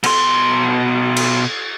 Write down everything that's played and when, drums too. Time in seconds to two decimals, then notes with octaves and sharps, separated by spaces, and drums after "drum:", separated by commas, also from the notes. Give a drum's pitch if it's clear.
0.03 B2 C6, drum: cymbal
1.17 drum: cymbal